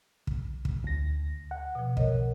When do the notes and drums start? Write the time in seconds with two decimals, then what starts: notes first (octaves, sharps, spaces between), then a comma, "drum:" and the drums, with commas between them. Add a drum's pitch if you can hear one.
0.27 drum: kick
0.65 drum: kick
0.84 D2 A#6
1.51 F#5
1.75 B2 F3
1.97 A#4 C#5 D#5, drum: kick